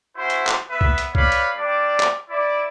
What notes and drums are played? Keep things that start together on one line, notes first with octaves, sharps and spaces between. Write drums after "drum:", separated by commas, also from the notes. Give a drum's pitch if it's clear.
C#4 E4 F#4 C5
drum: hi-hat
drum: clap
B3 B4 E5
drum: kick C2
drum: hi-hat
B4 C#5 D5 F5 B5, drum: kick C2
drum: hi-hat
G3 D4 D5
drum: clap
E4 D5